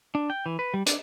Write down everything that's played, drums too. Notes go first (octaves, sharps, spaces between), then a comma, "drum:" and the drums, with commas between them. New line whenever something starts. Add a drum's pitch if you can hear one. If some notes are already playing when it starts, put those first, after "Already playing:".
D4
G5
E3
B4
G3
D4, drum: hi-hat